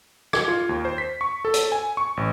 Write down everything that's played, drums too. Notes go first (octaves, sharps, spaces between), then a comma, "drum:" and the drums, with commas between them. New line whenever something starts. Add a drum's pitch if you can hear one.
G#6, drum: rim click
F4
D#2
C5
B6
C#6
A4
drum: hi-hat
G#5
C#6
A1